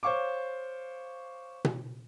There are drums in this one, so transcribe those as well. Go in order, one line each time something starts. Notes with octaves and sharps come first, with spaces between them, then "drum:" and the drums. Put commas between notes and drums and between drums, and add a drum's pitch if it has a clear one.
C5 C#5 F5 C#6 D6
drum: tom B2